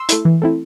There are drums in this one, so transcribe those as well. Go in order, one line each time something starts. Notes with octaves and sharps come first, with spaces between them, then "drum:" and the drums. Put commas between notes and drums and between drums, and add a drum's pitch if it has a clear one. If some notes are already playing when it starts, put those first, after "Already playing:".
Already playing: C6 E6
A3 E4, drum: hi-hat
E3
A3 C4 E4